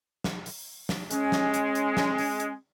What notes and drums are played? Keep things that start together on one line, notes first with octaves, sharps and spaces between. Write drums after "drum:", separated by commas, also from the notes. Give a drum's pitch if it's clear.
drum: snare
drum: open hi-hat
drum: snare
G#3 C#4, drum: hi-hat
drum: snare
drum: hi-hat
drum: hi-hat
drum: snare
drum: open hi-hat
drum: hi-hat